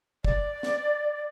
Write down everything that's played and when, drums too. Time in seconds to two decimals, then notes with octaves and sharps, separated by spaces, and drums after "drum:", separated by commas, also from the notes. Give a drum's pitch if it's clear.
0.25 D5, drum: kick
0.63 drum: snare